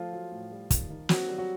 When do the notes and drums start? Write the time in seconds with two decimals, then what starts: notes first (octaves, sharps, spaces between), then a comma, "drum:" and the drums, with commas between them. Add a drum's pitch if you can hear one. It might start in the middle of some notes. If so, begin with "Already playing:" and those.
Already playing: F3 A3 F4
0.13 F#3
0.32 A2
0.51 G3
0.71 D#3, drum: kick, hi-hat
0.90 D#3
1.09 F#3 C4 F#4, drum: snare
1.28 G3
1.38 F#3 F#4